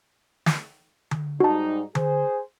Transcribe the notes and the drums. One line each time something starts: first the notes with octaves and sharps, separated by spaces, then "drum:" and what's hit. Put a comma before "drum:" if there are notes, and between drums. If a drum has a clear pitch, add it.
drum: snare
drum: tom D3
G#2 G3 D#4 F#4 A5
G#4 C5, drum: tom D3